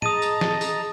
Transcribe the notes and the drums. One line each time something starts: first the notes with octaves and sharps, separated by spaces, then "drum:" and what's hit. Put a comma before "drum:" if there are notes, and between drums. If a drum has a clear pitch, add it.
G#4 D#5 A5 A#5 D#6 D#7, drum: tom A2
drum: tambourine
drum: snare
drum: tambourine